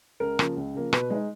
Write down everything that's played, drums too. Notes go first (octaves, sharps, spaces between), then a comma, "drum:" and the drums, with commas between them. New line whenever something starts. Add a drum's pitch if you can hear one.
C#2 A#4
C#3 F3 A#3, drum: rim click
C#2
C#3 F3 A#3
B2 B4, drum: rim click
G#3 D#4